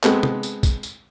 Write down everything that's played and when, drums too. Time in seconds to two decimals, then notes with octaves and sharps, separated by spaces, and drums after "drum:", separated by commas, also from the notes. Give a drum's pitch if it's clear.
0.03 G#3 B3 C4 A4, drum: clap
0.23 drum: tom
0.43 drum: tambourine
0.63 drum: kick A#1, tambourine
0.83 drum: tambourine